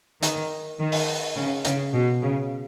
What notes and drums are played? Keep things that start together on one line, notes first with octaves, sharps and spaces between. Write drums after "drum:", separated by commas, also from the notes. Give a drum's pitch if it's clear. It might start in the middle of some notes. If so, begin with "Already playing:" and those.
D#3, drum: hi-hat
D#3
drum: open hi-hat
C#3
C#3, drum: hi-hat
B2
C#3